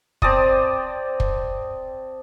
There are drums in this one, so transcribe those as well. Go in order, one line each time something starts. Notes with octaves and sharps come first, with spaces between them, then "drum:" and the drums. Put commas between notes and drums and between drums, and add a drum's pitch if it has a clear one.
C4 D5 A5 D#6, drum: kick
drum: kick